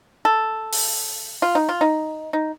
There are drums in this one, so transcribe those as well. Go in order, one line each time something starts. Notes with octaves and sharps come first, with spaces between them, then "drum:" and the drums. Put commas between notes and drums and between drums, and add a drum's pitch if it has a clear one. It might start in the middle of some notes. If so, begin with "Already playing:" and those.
A4
drum: open hi-hat
F4
D#4
F4
D#4
D#4